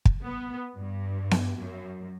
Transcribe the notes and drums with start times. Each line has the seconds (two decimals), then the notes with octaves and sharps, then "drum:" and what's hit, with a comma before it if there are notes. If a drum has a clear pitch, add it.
0.05 drum: kick
0.23 B3
0.76 G2
1.31 drum: snare B3
1.57 F#2